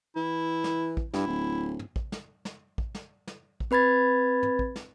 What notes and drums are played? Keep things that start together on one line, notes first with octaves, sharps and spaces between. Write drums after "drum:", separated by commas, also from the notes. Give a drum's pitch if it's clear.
E3 E4
drum: snare
drum: kick
G2 E4, drum: snare
D1
drum: tom
drum: kick
drum: snare
drum: snare
drum: kick
drum: snare
drum: snare
drum: kick
C4 B4 B5 G#6 A6
drum: tom
drum: kick
drum: snare